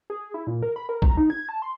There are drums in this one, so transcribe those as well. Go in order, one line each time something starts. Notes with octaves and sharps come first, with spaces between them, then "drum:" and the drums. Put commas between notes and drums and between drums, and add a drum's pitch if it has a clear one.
G#4
E4
A#2
A#4
B5
A#4
A#5, drum: kick
D#4
G#6
A5
C6